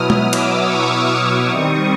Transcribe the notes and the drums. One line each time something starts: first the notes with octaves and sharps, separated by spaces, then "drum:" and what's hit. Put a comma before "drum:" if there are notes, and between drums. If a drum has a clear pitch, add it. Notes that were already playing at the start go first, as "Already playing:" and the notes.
Already playing: B2 F#3 B3 E4 D#6 F6
drum: tom G#3
D6 E6, drum: cymbal
C#6 D#6
D#3 G3 C4